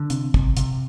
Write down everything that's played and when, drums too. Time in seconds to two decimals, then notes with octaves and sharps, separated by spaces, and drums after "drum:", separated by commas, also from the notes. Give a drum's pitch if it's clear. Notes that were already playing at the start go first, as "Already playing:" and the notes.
Already playing: D3
0.10 C3 C4, drum: hi-hat
0.34 C3, drum: kick
0.57 C3, drum: hi-hat